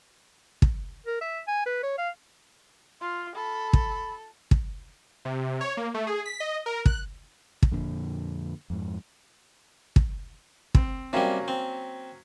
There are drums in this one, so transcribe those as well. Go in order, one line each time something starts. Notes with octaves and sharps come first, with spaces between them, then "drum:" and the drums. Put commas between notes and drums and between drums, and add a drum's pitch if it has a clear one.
drum: kick
A#4
E5
G#5
B4
C#5
F5
F4 C6
A4 B5
drum: kick
drum: kick
C3
C#5
A#3
A3
G#4
B6
D#5
A#4
F#6, drum: kick
drum: kick
F2 A#2 D3
F2 G#2
drum: kick
C4, drum: kick
C3 F#3 G3 A#3 C#4
C4